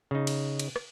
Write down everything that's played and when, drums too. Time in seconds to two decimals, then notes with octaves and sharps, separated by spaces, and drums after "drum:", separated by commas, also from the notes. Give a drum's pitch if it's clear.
0.11 C#3 D#4
0.27 drum: cymbal
0.59 drum: cymbal
0.76 drum: rim click